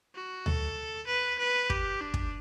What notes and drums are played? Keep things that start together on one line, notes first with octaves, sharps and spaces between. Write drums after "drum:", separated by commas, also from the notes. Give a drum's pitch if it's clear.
F#4
A4, drum: tom D2
B4
B4
G4, drum: kick
D4
drum: kick